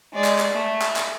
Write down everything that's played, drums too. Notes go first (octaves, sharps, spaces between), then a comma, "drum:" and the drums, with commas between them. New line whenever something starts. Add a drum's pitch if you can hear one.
G#3 D5
drum: clap
drum: clap
A3
drum: clap
drum: clap